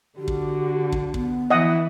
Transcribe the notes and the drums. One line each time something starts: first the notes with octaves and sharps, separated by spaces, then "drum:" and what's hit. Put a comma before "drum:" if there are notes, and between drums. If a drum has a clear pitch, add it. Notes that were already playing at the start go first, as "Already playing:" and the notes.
D3 F#4 G4
drum: kick
drum: kick
B3, drum: kick
E3 E4 D#5 F#5 D#6